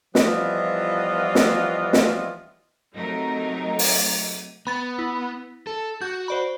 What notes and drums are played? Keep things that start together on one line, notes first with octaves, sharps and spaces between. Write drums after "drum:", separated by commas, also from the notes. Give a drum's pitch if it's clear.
E3 F3 G3 B3 F4 D#5, drum: snare
drum: snare
drum: snare
C3 F#3 A3 D#4 A#4
drum: open hi-hat
B3 B5 A6
E4
A4
F#4 G6
C5 D5 B5